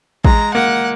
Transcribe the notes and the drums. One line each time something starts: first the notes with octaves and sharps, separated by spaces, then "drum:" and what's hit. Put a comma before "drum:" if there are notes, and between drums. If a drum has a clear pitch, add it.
G#3 A#5, drum: kick A1
A#3 F#5